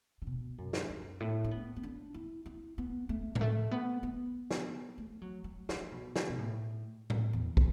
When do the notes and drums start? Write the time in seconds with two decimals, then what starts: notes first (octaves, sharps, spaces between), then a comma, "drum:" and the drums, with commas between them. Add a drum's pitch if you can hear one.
0.22 D3
0.27 B2
0.58 F#2
0.73 drum: snare
0.89 F#2
1.20 A2
1.44 D4
1.51 B3
1.76 B3
1.83 D4
2.14 E4
2.46 E4
2.78 B3
3.09 A3
3.35 F#3, drum: tom A2
3.41 A3
3.71 B3
4.03 B3
4.51 drum: snare
4.98 A3
5.22 F#3
5.44 F#3
5.69 E3, drum: snare
5.92 B2
6.16 drum: snare
6.29 B2
6.39 A2
7.10 drum: tom A2
7.33 E2
7.57 drum: kick